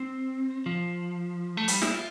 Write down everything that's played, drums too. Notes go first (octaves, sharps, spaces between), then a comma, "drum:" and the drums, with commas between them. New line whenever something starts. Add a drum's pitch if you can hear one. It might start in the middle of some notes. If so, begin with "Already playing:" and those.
Already playing: C4
F3
A3
G3, drum: hi-hat
E4, drum: snare
F4